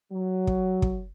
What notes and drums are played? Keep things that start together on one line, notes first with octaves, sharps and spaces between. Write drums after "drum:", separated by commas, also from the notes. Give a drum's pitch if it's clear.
F#3
drum: kick
drum: kick